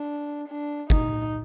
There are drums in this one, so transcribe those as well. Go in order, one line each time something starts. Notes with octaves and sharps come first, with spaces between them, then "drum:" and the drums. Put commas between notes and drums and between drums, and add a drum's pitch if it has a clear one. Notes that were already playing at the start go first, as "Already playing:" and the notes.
Already playing: D4
D4
D#4, drum: kick G1